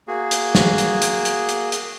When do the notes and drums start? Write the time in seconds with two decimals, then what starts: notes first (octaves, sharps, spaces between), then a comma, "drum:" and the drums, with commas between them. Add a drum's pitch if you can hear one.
0.08 A#3 F#4 G#4
0.31 drum: hi-hat
0.55 drum: snare
0.78 drum: hi-hat
1.02 drum: hi-hat
1.25 drum: hi-hat
1.49 drum: hi-hat
1.72 drum: hi-hat